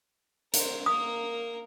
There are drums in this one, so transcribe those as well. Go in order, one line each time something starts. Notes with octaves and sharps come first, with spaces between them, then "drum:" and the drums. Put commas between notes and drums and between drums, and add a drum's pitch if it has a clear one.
A#4 C5, drum: hi-hat
A#3 A#4 D#6